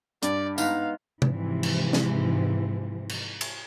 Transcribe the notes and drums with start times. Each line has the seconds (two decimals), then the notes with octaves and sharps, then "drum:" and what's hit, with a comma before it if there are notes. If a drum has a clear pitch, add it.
0.23 G2 D5, drum: hi-hat
0.58 G#2 B3 D#4 F5, drum: tambourine
1.22 G#2 C3 E3 F3, drum: tom C3
1.63 drum: cymbal
1.93 drum: snare
3.09 drum: cymbal
3.41 drum: cymbal